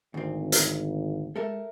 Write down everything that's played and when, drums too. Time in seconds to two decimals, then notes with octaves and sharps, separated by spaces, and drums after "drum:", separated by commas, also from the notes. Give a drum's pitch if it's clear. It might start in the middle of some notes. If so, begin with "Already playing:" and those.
0.14 G#1 D2 C4
0.52 drum: hi-hat
1.36 G#3 A4 A#4 E5